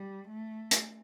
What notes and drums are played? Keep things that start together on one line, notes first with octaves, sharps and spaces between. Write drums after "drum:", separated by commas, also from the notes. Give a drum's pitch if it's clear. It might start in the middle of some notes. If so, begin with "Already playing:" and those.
Already playing: G3
A3
drum: hi-hat